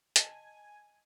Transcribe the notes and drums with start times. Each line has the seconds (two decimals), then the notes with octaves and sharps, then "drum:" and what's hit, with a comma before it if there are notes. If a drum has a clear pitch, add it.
0.16 D#5 G#5 A5, drum: hi-hat